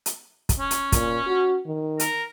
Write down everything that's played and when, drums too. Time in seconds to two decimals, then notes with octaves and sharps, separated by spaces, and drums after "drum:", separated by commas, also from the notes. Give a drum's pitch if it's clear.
0.06 drum: hi-hat
0.49 drum: kick, hi-hat
0.59 C#4
0.71 drum: hi-hat
0.92 A#2, drum: kick, hi-hat
1.27 F#4
1.66 D#3
2.00 A#4, drum: hi-hat